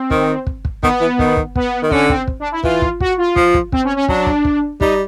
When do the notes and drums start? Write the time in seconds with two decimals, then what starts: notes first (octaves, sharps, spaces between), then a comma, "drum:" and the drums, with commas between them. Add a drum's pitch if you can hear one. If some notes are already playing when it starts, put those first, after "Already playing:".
Already playing: C4
0.10 D#3, drum: kick
0.47 drum: kick
0.65 drum: kick
0.83 D#3 B3, drum: kick
1.01 E3
1.19 D#3, drum: kick
1.37 drum: kick
1.56 B3, drum: kick
1.83 D#3
1.91 D3 C#4, drum: kick
2.09 C4, drum: kick
2.28 drum: kick
2.40 D4
2.52 E4
2.64 E3 F4, drum: kick
2.82 drum: kick
3.00 F#4, drum: kick
3.18 F4
3.36 F3, drum: kick
3.54 drum: kick
3.72 C4, drum: kick
3.84 C#4
3.96 C#4
4.08 F#3 D4, drum: kick
4.27 drum: kick
4.45 drum: kick
4.81 G3 D#4, drum: kick